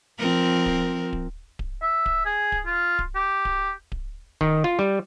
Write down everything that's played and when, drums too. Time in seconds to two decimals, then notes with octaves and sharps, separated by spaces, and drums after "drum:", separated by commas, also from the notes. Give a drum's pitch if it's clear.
0.19 F3 C4 A#4
0.66 drum: kick D1
1.13 drum: kick D1
1.59 drum: kick D1
1.82 E5
2.06 drum: kick D1
2.26 G#4
2.52 drum: kick D1
2.66 F4
2.99 drum: kick D1
3.15 G4
3.45 drum: kick D1
3.92 drum: kick D1
4.41 D#3, drum: kick D1
4.64 F4
4.79 G3